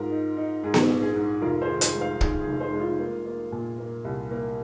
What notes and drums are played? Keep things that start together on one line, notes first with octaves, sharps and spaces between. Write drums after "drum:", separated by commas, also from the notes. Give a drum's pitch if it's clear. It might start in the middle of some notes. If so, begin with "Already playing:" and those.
Already playing: G#2 F4 A#4
D#4
D#4
G#2 G#4
drum: snare B3
A#1
G#4
G#2
F1 F4 A#4
G#4 C5
D#3
G#4 C5, drum: hi-hat
G#3
C5 F5
D#3 G#4, drum: kick
G#4
F1
G#4 C5
G#3
F4
A#3
A#3
A#2
A#3
C2
A#3